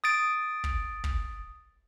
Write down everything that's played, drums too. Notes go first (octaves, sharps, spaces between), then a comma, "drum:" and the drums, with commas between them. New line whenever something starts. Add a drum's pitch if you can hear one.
D#6 A6 D7
drum: kick
drum: kick